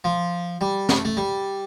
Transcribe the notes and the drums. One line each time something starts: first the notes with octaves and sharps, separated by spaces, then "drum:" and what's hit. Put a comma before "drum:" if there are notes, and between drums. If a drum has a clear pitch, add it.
F3
G3
A3, drum: snare
A3
G3